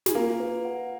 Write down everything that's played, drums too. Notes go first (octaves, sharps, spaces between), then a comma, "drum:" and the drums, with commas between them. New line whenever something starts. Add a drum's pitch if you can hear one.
G#4, drum: snare
A#3 F4 A#4
B4
F#5